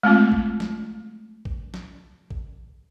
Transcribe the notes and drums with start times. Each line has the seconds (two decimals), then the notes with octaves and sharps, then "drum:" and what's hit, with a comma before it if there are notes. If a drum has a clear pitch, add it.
0.03 G#3 A3 C4 F4
0.32 drum: kick
0.60 drum: snare
1.45 drum: kick
1.74 drum: snare
2.31 drum: kick